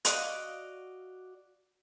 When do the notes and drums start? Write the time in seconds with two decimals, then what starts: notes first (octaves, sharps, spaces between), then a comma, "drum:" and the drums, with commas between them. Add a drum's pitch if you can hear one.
0.05 F#4 D5 D#5 F5, drum: hi-hat